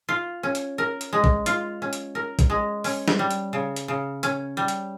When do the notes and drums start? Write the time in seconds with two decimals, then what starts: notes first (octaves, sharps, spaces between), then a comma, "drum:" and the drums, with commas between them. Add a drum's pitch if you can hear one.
0.09 F4
0.43 C#4
0.55 drum: hi-hat
0.78 A#4
1.01 drum: hi-hat
1.13 G#3
1.24 drum: kick
1.46 F4, drum: hi-hat
1.82 C#4
1.93 drum: hi-hat
2.15 A#4
2.39 drum: kick, hi-hat
2.50 G#3
2.84 C#4, drum: open hi-hat
3.08 drum: snare
3.19 G3
3.31 drum: hi-hat
3.53 C#3
3.76 drum: hi-hat
3.88 C#3
4.23 C#4, drum: hi-hat
4.57 G3
4.68 drum: hi-hat